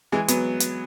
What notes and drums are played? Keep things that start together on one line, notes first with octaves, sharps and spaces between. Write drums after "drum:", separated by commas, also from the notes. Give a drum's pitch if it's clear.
E3 G#3
F#3 B3, drum: hi-hat
drum: hi-hat